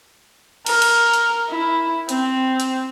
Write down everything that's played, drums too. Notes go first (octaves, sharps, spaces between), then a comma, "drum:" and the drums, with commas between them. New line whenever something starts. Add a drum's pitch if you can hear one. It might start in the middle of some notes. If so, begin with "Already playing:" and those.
A#4, drum: cymbal
drum: cymbal
drum: hi-hat
E4
C4, drum: hi-hat
drum: hi-hat